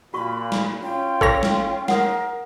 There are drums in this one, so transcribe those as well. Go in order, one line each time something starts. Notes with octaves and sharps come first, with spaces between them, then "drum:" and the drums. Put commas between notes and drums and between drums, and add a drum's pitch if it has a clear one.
A#2 F#4 B5 C#6
drum: snare
C#4 F4 G5
A4 C#5 A#6, drum: kick G#1
drum: snare
A#4 F#5 D#6, drum: snare